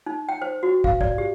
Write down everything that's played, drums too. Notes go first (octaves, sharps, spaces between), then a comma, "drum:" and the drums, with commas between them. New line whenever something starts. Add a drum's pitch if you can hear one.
D#4
G5
C5
F#4
F5, drum: kick
D5, drum: kick
G4